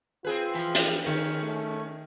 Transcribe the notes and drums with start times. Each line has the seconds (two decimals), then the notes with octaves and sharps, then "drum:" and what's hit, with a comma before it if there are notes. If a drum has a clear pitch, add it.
0.25 C4 F4 G#4 B4
0.55 E3 F3
0.75 drum: hi-hat
1.06 D#3 C#4
1.43 A3